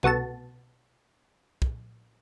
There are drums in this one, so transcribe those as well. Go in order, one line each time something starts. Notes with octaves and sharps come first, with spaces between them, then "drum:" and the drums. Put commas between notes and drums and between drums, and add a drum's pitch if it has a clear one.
C2 B3 F#4 A4 A5, drum: tom B2
drum: kick